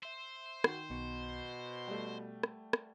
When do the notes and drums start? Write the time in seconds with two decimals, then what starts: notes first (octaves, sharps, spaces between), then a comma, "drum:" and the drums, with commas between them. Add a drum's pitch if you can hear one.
0.03 C5 E5 E6
0.64 D#3 F#4, drum: rim click
0.90 B1 B2 B3 C#6
1.59 F#5
1.87 G3 A3
2.43 drum: rim click
2.73 drum: rim click